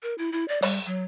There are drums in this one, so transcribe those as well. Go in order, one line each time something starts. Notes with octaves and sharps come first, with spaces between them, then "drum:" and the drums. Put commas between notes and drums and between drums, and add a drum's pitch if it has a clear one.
A#4
E4
E4
D5
G3, drum: open hi-hat
F#3